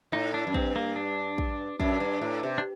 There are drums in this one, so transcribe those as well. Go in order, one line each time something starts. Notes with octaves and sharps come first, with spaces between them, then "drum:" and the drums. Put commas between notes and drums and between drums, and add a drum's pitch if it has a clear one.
A2 D#4
D4
F#2
G2 C4, drum: kick
A#3
D4
drum: kick
F#2 D4, drum: kick
G2
A2
C3
D4